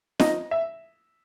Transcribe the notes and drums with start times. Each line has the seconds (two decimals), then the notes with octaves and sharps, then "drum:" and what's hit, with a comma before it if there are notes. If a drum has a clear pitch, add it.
0.20 D#4 D#5, drum: snare
0.51 E5